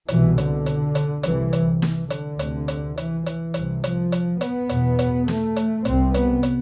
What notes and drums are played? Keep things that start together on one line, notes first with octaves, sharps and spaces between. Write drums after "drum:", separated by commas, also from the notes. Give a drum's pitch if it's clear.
C2 B2 E3, drum: hi-hat
D3, drum: hi-hat
drum: hi-hat
drum: hi-hat
C2 C3 E3, drum: hi-hat
drum: hi-hat
E3, drum: snare
D3, drum: hi-hat
D2 C3, drum: hi-hat
drum: hi-hat
E3, drum: hi-hat
E3, drum: hi-hat
C2 C3, drum: hi-hat
F3, drum: hi-hat
drum: hi-hat
B3, drum: hi-hat
E2 B2, drum: hi-hat
drum: hi-hat
A3, drum: snare
drum: hi-hat
C2 C3 C4, drum: hi-hat
B3, drum: hi-hat
drum: hi-hat